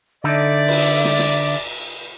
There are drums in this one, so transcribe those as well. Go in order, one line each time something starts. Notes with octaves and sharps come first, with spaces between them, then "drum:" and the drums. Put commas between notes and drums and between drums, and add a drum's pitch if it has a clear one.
D3 D#4 A4 D5 E5
drum: cymbal
drum: cymbal
drum: snare
drum: snare